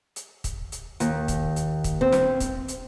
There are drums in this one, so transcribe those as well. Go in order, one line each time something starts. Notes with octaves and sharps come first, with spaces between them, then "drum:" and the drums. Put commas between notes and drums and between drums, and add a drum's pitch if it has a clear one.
drum: hi-hat
drum: kick, hi-hat
drum: hi-hat
D#2, drum: hi-hat
drum: kick, hi-hat
drum: hi-hat
drum: kick, hi-hat
C4
drum: snare
drum: kick, hi-hat
drum: hi-hat